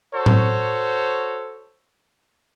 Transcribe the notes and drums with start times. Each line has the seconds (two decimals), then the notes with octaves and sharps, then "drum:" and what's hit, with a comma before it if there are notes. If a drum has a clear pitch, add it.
0.14 F#4 A4 C5 C#5
0.26 drum: tom A2